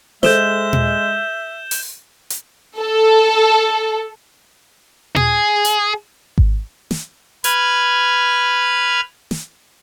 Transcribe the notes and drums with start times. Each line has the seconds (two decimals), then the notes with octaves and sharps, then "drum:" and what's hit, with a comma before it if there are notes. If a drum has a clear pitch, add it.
0.23 G#3 A4 C5 E5 G6 E7 G7, drum: snare
0.73 drum: tom A#2
1.71 drum: open hi-hat
2.30 drum: hi-hat
2.80 A4
5.16 G#4, drum: tom A#2
5.65 drum: hi-hat
6.38 drum: kick G#1
6.91 drum: snare
7.44 B4 F6 G#6, drum: hi-hat
9.31 drum: snare